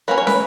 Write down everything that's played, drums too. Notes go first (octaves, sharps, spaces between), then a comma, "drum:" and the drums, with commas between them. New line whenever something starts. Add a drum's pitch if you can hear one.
F#3 A#3 C#4 B4
C#5
B4, drum: snare